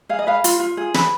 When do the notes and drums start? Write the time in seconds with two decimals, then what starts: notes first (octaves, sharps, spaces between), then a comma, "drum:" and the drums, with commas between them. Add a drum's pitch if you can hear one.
0.09 G#4 F5
0.19 D#5
0.27 B4 F5
0.44 F4, drum: hi-hat
0.60 F4
0.77 G#4
0.94 B4, drum: snare